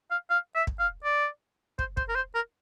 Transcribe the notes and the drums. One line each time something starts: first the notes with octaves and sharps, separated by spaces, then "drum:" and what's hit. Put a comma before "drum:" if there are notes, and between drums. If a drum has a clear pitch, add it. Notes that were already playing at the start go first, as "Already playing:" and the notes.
F5
F5
E5
drum: kick
F5
D5
C5, drum: kick
C5, drum: kick
A#4
C5
A#4